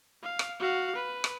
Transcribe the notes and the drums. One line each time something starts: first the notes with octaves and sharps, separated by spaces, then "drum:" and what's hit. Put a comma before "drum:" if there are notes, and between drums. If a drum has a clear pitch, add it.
F5
drum: rim click
F#4 F5
B4
drum: rim click